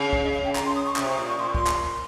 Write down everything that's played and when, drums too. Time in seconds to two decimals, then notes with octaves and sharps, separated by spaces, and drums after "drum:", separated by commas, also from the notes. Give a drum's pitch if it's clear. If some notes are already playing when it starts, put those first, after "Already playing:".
Already playing: C#3
0.13 F5, drum: kick
0.24 D#5
0.33 F5
0.44 G5
0.55 A#5, drum: clap
0.65 C6
0.75 D#6
0.86 C#6
0.96 C3 D#6, drum: clap
1.07 C#6
1.18 A#2 D#6
1.28 C#6
1.39 A#2 C6
1.47 C#6
1.55 C6, drum: kick
1.67 drum: clap